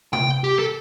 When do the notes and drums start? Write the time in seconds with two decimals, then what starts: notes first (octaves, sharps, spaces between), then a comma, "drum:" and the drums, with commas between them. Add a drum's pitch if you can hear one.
0.13 G5, drum: tom C3
0.44 G4
0.59 A4